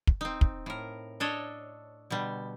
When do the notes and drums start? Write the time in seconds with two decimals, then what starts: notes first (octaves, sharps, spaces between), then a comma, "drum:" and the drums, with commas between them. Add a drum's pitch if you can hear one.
0.07 drum: kick
0.21 C4 D#4
0.41 drum: kick
0.66 A2 A#4
1.20 D4 A4 C#5 D#5
2.10 B2 D3 G3